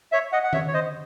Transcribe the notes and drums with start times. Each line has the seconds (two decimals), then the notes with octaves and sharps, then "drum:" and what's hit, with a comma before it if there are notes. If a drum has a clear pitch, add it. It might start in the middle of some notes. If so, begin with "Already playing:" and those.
0.12 C#5 E5
0.32 D#5 F#5
0.44 F#5
0.53 C#5 E5, drum: tom D#3
0.68 C#5
0.74 C5 D#5